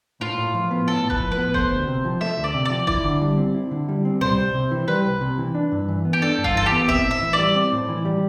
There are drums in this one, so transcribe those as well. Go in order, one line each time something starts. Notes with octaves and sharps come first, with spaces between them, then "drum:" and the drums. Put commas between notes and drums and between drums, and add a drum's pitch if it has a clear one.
A2 F4
A2
F3
B3
A2 A4
A2
B4, drum: kick F#1
F3
B4
B3
A3 C5, drum: kick F#1
D2
C3
F3
A3 E5
D2
D5
C3
D5
F3
E4 D5, drum: kick F#1
D3
G3
C4
E4
D3
G3
C4
G3 C5, drum: tom A2
C2
C3
E3
G3 B4
C2
C3
E3
D4
G2
E3
B3
G4
D4 A4
G2
F4, drum: kick F#1
E3 A4
G4
B3
C4 E5, drum: kick F#1
A2
E5
E3
D5
G3
C4
A2
E3
G3